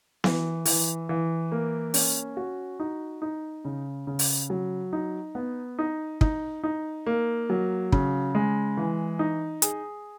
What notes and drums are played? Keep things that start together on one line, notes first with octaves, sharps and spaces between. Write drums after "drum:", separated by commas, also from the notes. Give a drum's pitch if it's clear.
E3, drum: snare B3
E3, drum: open hi-hat
E3
A#3
C#4, drum: open hi-hat
F#4
D#4
D#4
C#3
C#3
drum: open hi-hat
F#3
D#4
B3
D#4
D#4, drum: kick
D#4
A#3
F#3
C#3, drum: kick
G#3
E3
D#4
G#4, drum: hi-hat